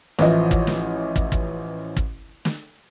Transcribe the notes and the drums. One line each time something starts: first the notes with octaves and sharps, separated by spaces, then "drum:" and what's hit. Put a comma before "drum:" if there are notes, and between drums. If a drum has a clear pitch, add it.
A1 E3 F3 D#5, drum: snare
drum: kick
drum: snare
drum: kick
drum: kick
drum: kick
drum: snare